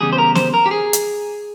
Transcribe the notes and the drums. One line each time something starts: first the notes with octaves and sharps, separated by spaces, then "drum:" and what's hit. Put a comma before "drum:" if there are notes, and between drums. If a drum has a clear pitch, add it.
E2 C#3 G3 G#4
C5
A#4
C5, drum: snare B3
A#4
G4
G#4
drum: hi-hat